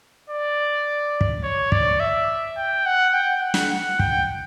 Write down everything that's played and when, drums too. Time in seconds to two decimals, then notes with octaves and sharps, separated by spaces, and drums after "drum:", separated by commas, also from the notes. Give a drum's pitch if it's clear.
0.30 D5
1.21 drum: kick
1.43 C#5
1.72 D5, drum: kick
2.00 E5
2.57 G5
2.86 F#5
3.14 G5
3.42 F#5
3.54 drum: snare
3.71 F#5
3.99 G5, drum: kick